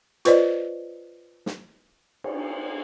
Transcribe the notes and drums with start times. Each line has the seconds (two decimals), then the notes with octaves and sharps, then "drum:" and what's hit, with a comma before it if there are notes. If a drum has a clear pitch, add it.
0.25 F4 B4 C5 D5 D#5, drum: hi-hat
1.46 drum: snare
2.24 drum: cymbal